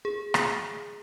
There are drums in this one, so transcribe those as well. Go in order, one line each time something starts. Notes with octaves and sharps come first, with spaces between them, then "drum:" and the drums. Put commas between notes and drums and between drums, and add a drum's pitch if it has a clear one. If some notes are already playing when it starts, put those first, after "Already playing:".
G#4
drum: rim click